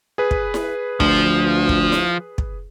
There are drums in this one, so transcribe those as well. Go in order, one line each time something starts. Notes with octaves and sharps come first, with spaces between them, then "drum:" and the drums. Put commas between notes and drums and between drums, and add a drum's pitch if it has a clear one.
G#4 B4
drum: kick
drum: snare E4
D2 F3, drum: kick
drum: kick
drum: snare E4
drum: kick